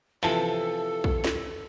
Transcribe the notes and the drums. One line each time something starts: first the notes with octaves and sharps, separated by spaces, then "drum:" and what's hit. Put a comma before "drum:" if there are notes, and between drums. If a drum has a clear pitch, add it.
C3 E3 F3 A4 A5
drum: kick
drum: snare